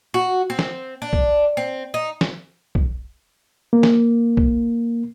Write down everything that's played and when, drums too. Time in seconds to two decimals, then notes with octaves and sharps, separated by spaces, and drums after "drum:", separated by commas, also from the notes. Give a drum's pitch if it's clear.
0.14 F#4
0.50 C4
0.59 drum: snare
1.02 D4
1.13 drum: kick
1.57 C4
1.94 D#4
2.21 drum: snare
2.75 drum: kick
3.73 A#3
3.83 drum: snare
4.37 drum: kick